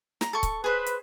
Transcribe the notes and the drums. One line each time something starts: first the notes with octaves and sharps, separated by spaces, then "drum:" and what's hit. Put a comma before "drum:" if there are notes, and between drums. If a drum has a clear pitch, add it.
A#5, drum: snare
A4 C#6
drum: kick C#1, hi-hat
G#4 B4 C5
drum: hi-hat